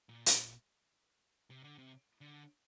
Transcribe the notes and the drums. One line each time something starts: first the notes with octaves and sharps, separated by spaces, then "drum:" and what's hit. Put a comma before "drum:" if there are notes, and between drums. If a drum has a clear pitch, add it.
A#2
drum: hi-hat
C3
D3
C3
D3